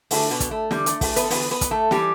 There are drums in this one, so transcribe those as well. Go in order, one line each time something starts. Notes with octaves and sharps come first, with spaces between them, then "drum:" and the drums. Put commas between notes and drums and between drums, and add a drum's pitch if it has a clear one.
G2 D3 A3, drum: open hi-hat
B2 B3
drum: kick, hi-hat
A3
E2 D3 G3, drum: snare
A3, drum: hi-hat
A3, drum: kick, open hi-hat
B3 B4, drum: hi-hat
A4
E2 D3 B3 B4, drum: open hi-hat
B3 B4
drum: kick, hi-hat
A3 A4
A2 E3 G3 G4, drum: snare